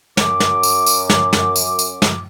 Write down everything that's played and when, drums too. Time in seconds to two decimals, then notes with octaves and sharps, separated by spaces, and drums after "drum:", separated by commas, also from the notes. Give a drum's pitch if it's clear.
0.17 F#2 D6, drum: snare
0.40 drum: snare
0.63 drum: tambourine
0.86 drum: tambourine
1.10 drum: snare
1.33 drum: snare
1.56 drum: tambourine
1.79 drum: tambourine
2.02 drum: snare